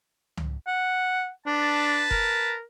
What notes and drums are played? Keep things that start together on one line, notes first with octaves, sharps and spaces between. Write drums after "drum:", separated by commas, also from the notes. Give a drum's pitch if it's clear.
drum: tom C#2
F#5
D4 B4 A5
A#4, drum: kick F1